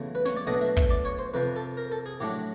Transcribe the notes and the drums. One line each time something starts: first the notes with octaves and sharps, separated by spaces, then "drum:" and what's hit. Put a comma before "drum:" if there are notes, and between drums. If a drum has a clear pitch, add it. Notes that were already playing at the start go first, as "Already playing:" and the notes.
Already playing: E2 C#3 F#3 A3
B4
C#5, drum: snare
D5
B2 F#3 A3 D4 D#5
E5
E5, drum: kick
D5
C#5
C5
F2 C3 F3 B4
A4
A#4
A4
G#4
A2 F#3 A3 D4 G4